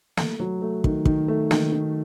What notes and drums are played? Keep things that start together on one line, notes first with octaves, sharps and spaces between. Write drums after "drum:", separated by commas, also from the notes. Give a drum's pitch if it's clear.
A3, drum: snare
F#3
A3
D#3, drum: kick
D#3, drum: kick
A3
D#3, drum: snare
D#3